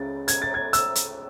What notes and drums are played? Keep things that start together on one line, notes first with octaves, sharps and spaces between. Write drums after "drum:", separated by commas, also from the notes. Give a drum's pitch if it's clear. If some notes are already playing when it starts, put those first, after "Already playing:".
Already playing: C#2 C#3 A6
G#6, drum: hi-hat
A6
G#6
E6, drum: hi-hat
drum: hi-hat